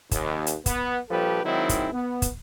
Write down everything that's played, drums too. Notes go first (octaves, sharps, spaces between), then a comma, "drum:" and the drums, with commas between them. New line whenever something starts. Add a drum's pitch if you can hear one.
D#2, drum: kick, hi-hat
drum: hi-hat
B3, drum: kick, hi-hat
A#1 F3 G3 G4 A4 B4
D#3 F#3 G#3 C4 D#4 E4
drum: kick, hi-hat
B3
drum: kick, hi-hat